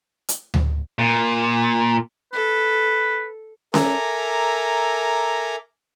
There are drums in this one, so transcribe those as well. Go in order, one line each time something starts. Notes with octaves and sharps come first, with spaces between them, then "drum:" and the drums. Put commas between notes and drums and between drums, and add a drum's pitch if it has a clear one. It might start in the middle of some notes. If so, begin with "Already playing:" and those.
drum: hi-hat
drum: tom D2
A#2
A4 B4
A4 A#4 E5 G#5 A#5 D6, drum: snare C#4